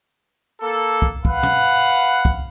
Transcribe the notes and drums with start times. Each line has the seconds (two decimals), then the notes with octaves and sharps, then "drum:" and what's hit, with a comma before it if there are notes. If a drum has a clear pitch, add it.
0.61 A#3 A4
1.02 drum: kick
1.25 B4 F5 F#5, drum: kick
1.43 drum: tom
2.25 drum: kick